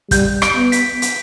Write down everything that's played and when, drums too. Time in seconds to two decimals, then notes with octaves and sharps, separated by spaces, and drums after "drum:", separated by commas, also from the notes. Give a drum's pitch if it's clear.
0.11 G3 G6, drum: kick, hi-hat
0.42 D7, drum: rim click
0.56 B3
0.72 B6, drum: hi-hat
1.02 drum: hi-hat